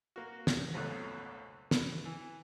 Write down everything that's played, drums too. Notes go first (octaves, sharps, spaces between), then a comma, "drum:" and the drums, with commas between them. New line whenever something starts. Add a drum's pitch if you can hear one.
A#3 F#4
drum: snare
G#1 C#2 F#2 B2 A3 F#6
B4, drum: snare
E3